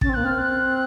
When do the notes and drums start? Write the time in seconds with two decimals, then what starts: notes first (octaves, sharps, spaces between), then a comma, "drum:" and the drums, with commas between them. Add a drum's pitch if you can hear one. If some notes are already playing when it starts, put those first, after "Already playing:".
0.01 C#4 A6, drum: kick
0.09 C4
0.14 A#3 F#6
0.23 C4 F6
0.38 F#6